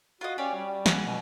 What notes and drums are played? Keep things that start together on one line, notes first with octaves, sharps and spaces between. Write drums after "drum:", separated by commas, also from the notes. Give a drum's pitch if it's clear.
F4 F#4 D#5
C#4 G4 C#5 D5
G3
F#5 G#5, drum: snare
B2